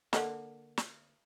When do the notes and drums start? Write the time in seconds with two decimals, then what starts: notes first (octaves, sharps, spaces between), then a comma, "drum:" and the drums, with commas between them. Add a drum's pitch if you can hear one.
0.13 D3 G#3 A#3, drum: snare
0.77 drum: snare